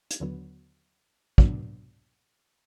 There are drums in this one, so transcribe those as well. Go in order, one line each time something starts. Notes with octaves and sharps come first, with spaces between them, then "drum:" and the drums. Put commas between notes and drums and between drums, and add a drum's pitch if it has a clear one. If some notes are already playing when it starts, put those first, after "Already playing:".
drum: hi-hat
D#2 D3 F#3 B3
C2 A#2 F#3 B3 D4, drum: kick